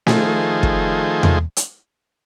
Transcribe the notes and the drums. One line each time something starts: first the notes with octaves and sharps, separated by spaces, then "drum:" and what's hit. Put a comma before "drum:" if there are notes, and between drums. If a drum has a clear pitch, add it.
D#3 F3 A3 G#4 C5, drum: snare
drum: kick
drum: tom E2
drum: hi-hat